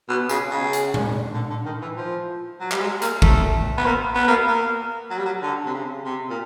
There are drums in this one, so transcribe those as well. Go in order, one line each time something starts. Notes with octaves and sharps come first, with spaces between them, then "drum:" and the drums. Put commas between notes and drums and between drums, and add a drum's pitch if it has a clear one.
B2
C#3, drum: tambourine
C#3
drum: hi-hat
drum: tom A#2
D3
D3
D#3
E3
F3
F#3
G3, drum: clap
G#3
A#3, drum: hi-hat
A3, drum: kick
B3
A#3
B3
A#3
A#3
F#3
G3
F#3
D3
C3
C#3
C3
A#2